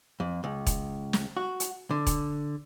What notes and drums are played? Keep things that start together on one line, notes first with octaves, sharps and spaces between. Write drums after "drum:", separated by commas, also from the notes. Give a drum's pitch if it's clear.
F2
C#2
drum: kick E1, hi-hat
drum: snare
F#4
drum: hi-hat
D3
drum: kick E1, hi-hat